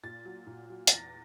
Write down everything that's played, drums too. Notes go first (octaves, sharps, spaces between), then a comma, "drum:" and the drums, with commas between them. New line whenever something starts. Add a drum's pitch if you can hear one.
A#2 A6
F#3
A#2
F#3
A6, drum: hi-hat
E2 A#6